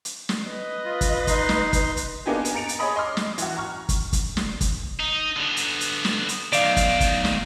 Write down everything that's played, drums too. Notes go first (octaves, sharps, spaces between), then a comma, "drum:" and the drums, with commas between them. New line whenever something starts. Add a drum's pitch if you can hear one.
drum: hi-hat
drum: snare
B4 D#5
F4
drum: kick, hi-hat
D#4 C6, drum: kick, hi-hat
drum: snare
drum: kick, hi-hat
drum: hi-hat
A#3 B3 D4 D#4 G4 G#4
drum: hi-hat
A#5 A6 C#7 D7 F7
drum: hi-hat
G#4 C#5 D#5 B5 D#6
D#5 C6 D6 F6
drum: snare
E3 F#4, drum: hi-hat
A#5 C#6 F6
drum: kick, hi-hat
drum: kick, hi-hat
drum: snare
drum: kick, hi-hat
D#4
D3 B3
drum: hi-hat
drum: hi-hat
drum: snare
drum: hi-hat
B1 D#3 D5 F5, drum: hi-hat
drum: kick, hi-hat
drum: kick, hi-hat
drum: snare